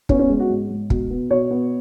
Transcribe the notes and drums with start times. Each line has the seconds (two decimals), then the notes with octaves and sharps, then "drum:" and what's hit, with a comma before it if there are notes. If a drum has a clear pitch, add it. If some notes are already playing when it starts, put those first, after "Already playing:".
0.09 B3 C#4, drum: kick
0.19 C#4
0.29 G#3
0.40 F#4
0.49 G#2
0.70 G#2
0.90 B2, drum: kick
1.10 B3
1.30 B2 C#5
1.51 B3